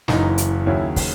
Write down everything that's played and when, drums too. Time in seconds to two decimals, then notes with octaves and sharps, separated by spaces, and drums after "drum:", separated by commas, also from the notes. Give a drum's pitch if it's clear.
0.08 F#1 F#2 E3 D#4, drum: snare
0.38 drum: hi-hat
0.66 D#2 C#3 F#3 C#4 E4
0.96 drum: kick, open hi-hat